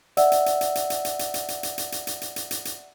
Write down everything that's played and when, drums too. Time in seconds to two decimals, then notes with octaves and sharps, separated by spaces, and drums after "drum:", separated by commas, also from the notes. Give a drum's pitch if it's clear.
0.17 D5 E5 F#5 E6, drum: hi-hat
0.32 drum: hi-hat
0.46 drum: hi-hat
0.61 drum: hi-hat
0.75 drum: hi-hat
0.90 drum: hi-hat
1.05 drum: hi-hat
1.19 drum: hi-hat
1.34 drum: hi-hat
1.48 drum: hi-hat
1.63 drum: hi-hat
1.78 drum: hi-hat
1.92 drum: hi-hat
2.07 drum: hi-hat
2.21 drum: hi-hat
2.36 drum: hi-hat
2.51 drum: hi-hat
2.65 drum: hi-hat